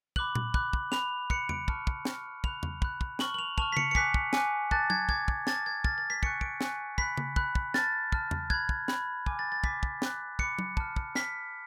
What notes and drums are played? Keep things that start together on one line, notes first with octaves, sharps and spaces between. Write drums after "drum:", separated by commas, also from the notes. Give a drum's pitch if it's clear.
B5 D6 F#6 F#7, drum: kick
drum: tom A#2
B5 D6 F#6, drum: kick
drum: kick
B5 F#6 F7, drum: snare
B5 F#6 C#7, drum: kick
D7, drum: tom E2
A5 C#6 F6, drum: kick
drum: kick
A5 C#6 F6, drum: snare
B5 F#6 F7, drum: kick
drum: tom E2
B5 F#6, drum: kick
drum: kick
A5 C#6 F6 F#7, drum: snare
F#7
F7
A5 C#6 F6 F7, drum: kick
B6
C#7, drum: tom C#3
C#7
G#5 D6 F#6 B6, drum: kick
drum: kick
G#5 D6 F#6, drum: snare
A5 D6 F#6 A6, drum: kick
G#6, drum: tom
A5 D6 F#6 G#6, drum: kick
drum: kick
A5 D6 F6 A6, drum: snare
G#6
A5 D6 F6 A6, drum: kick
A6
B6
G#5 C#6 F#6 C#7, drum: kick
D7, drum: kick
G#5 C#6 F#6 C#7, drum: snare
B5 F#6 B6, drum: kick
drum: tom C#3
B5 F#6, drum: kick
drum: kick
A5 F6 A6, drum: snare
A5 F6, drum: kick
drum: tom E2
B5 F#6 G#6, drum: kick
drum: kick
B5 F#6, drum: snare
G#5 D6 F6, drum: kick
A6
A6
G#5 D6 F6 B6, drum: kick
drum: kick
B5 D6 F#6, drum: snare
B5 D6 F#6 C#7, drum: kick
drum: tom
A5 F6, drum: kick
drum: kick
A5 F6 B6, drum: snare